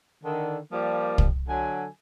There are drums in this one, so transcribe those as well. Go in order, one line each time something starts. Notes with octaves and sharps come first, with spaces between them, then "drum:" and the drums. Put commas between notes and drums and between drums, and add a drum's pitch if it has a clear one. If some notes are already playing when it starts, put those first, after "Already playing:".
D3 D#3
F3 G3 A#3
drum: kick
D3 F#3 G#5